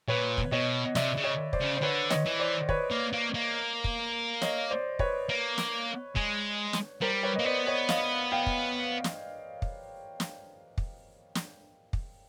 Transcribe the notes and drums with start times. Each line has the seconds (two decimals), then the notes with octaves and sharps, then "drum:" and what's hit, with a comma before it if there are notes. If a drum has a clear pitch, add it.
0.08 A#2 B4 C#5
0.38 drum: kick
0.52 B2 C#5 D#5
0.85 D#5
0.95 C3 D5 E5, drum: snare
1.17 C#3
1.24 C#5 D#5
1.53 C5 D5, drum: kick
1.61 C#3
1.77 C5
1.82 D3 B4 C#5
2.10 C#5 D#5, drum: snare
2.26 E3
2.39 C5 D5
2.69 B4 C#5, drum: kick
2.90 A#3
3.13 A#3
3.34 A#3
3.84 drum: kick
4.42 C#5 D#5, drum: snare
4.71 C5 D5
4.99 B4 C#5, drum: kick
5.29 A#3
5.58 drum: snare
6.16 G#3, drum: kick
6.73 drum: snare
7.01 G3 A#4 C5
7.23 B4 C#5
7.35 A#3 D#5
7.45 B3 C5 D5
7.67 C#5 D#5
7.89 D#5 F5, drum: snare
8.32 F5 G5
8.46 drum: kick
9.04 drum: snare
9.62 drum: kick
10.20 drum: snare
10.78 drum: kick
11.35 drum: snare
11.93 drum: kick